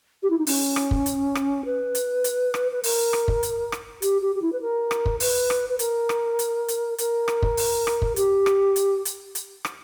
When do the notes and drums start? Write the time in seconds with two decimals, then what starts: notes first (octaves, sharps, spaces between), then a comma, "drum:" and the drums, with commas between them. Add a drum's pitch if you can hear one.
0.23 G4
0.30 E4
0.39 D#4
0.47 C#4, drum: open hi-hat
0.76 drum: rim click
0.91 drum: kick
1.06 drum: hi-hat
1.35 drum: rim click
1.65 B4
1.95 drum: hi-hat
2.24 drum: hi-hat
2.54 drum: rim click
2.72 B4
2.84 A#4, drum: open hi-hat
3.13 drum: rim click
3.28 drum: kick
3.43 drum: hi-hat
3.72 drum: rim click
4.02 G4, drum: hi-hat
4.22 G4
4.35 G4
4.42 E4
4.53 B4
4.61 A#4
4.91 drum: rim click
5.06 drum: kick
5.20 B4, drum: open hi-hat
5.50 drum: rim click
5.69 B4
5.79 A#4, drum: hi-hat
6.09 drum: rim click
6.39 drum: hi-hat
6.68 drum: hi-hat
6.98 A#4, drum: hi-hat
7.28 drum: rim click
7.42 drum: kick
7.57 drum: open hi-hat
7.87 drum: rim click
8.02 drum: kick
8.16 G4, drum: hi-hat
8.46 drum: rim click
8.76 drum: hi-hat
9.05 drum: hi-hat
9.35 drum: hi-hat
9.65 drum: rim click